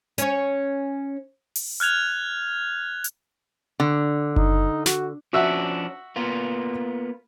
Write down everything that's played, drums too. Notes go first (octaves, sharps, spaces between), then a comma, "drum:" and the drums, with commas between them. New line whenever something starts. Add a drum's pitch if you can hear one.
C#4 C#5, drum: hi-hat
drum: open hi-hat
F6 F#6 G#6 F7
drum: hi-hat
D3
D#4, drum: kick F#1
F#4, drum: snare
F3 C#4 D4 F#4 E5 F#5
A#3 B3 F4